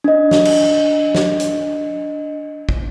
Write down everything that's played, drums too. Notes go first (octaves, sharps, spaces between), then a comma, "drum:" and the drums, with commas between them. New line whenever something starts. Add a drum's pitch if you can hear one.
D4 D#5
drum: snare
drum: cymbal
drum: snare
drum: hi-hat
drum: kick